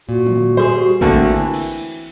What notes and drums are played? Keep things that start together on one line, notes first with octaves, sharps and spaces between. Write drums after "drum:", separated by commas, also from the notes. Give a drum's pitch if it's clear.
A#2 F#4
drum: tom
G3 G#4 C5
D3 A3 A#3 C4, drum: kick A1
E3
drum: cymbal